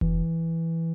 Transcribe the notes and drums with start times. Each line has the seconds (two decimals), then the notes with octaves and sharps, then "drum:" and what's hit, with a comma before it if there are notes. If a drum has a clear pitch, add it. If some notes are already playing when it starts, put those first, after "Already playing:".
0.01 E3, drum: kick F1